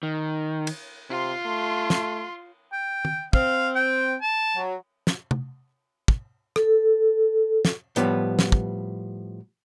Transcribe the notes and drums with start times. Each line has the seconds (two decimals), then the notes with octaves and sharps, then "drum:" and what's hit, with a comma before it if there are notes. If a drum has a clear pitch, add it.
0.03 D#3
0.67 drum: cymbal
1.10 C3 F4 C6
1.45 A3
1.90 drum: snare
2.73 G5
3.05 drum: tom
3.33 C4 F5, drum: kick
3.75 G5
4.21 A5
4.55 F#3
5.07 drum: snare
5.31 drum: tom
6.08 drum: kick
6.56 A4, drum: rim click
7.65 drum: snare
7.96 A2 F3 G3 B3, drum: hi-hat
8.39 drum: snare
8.52 drum: kick